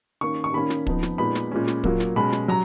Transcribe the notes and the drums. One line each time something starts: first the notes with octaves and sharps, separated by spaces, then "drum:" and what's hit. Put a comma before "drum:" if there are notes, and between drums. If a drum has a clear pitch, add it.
D#3 A#3 C#4 C#6
C#6
D#3 A#3 C#4 B5
drum: snare
F2 F3 B3 D#4, drum: kick
drum: snare
A#2 G#3 B3 D#4 B5
drum: snare
A#2 G#3 C#4
drum: snare
A#2 F#3 A#3, drum: kick
drum: snare
B2 G#3 C#4 B5
drum: snare
F#3 A#5